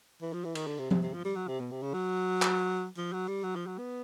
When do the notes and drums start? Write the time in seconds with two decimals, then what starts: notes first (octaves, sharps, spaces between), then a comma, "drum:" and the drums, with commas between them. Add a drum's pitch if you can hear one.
0.22 E3
0.33 F3
0.44 E3
0.55 D#3, drum: cymbal
0.67 D3
0.79 C3
0.91 C3, drum: tom F3
1.02 C3
1.14 F3
1.25 G3
1.36 F#3
1.48 C3
1.60 B2
1.71 C3
1.82 C#3
1.94 F#3
2.42 drum: clap
2.97 F3
3.13 F#3
3.28 G3
3.44 F#3
3.56 F3
3.66 F#3
3.78 B3